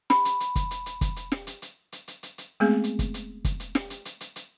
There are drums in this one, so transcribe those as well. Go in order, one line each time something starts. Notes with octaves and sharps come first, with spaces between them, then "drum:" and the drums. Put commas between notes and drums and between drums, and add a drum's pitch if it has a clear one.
B5, drum: snare
drum: hi-hat
drum: hi-hat
drum: kick, hi-hat
drum: hi-hat
drum: hi-hat
drum: kick, hi-hat
drum: hi-hat
drum: snare
drum: hi-hat
drum: hi-hat
drum: hi-hat
drum: hi-hat
drum: hi-hat
drum: hi-hat
G#3 A3 B3 C4 G#4
drum: hi-hat
drum: kick, hi-hat
drum: hi-hat
drum: kick, hi-hat
drum: hi-hat
drum: snare
drum: hi-hat
drum: hi-hat
drum: hi-hat
drum: hi-hat